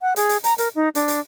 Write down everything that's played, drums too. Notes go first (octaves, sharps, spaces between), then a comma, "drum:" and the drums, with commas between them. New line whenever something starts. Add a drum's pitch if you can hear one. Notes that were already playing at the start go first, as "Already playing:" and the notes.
F#5
G#4, drum: hi-hat
drum: hi-hat
A#5, drum: hi-hat
A#4, drum: hi-hat
D#4
D4, drum: hi-hat
drum: hi-hat